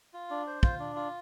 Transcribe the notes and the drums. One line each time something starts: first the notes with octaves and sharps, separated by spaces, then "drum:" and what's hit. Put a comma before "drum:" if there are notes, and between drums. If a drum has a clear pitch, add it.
F4
D4
C5
F4, drum: kick
D4
F4